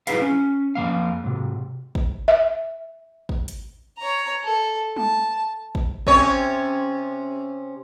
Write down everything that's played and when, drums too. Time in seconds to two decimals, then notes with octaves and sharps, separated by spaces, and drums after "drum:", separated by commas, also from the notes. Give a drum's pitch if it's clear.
0.07 F#3 D#4 E4 G#4 B4 F5, drum: hi-hat
0.22 C#4
0.75 F2 E3 A#3 F5
1.24 G#2 C3
1.95 drum: kick
2.28 E5
3.29 drum: kick
3.48 drum: hi-hat
3.98 C#5 A#5
4.44 A4
4.96 A5, drum: tom G3
5.75 drum: kick
6.07 C3 C#4 C#5, drum: kick